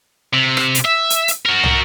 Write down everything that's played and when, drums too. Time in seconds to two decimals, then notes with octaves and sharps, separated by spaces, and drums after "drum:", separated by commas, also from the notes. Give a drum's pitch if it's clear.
0.34 C3
0.57 drum: rim click
0.75 drum: hi-hat
0.85 E5
1.10 drum: hi-hat
1.28 drum: hi-hat
1.46 F#4 A#4
1.63 drum: tom